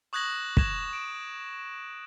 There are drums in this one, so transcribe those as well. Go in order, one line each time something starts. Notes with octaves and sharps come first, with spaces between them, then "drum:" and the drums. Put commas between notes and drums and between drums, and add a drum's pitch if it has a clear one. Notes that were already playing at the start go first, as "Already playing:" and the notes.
C#6 D#6 F#6 G#6 A#6 F#7
G#6 A#6 E7, drum: kick
D7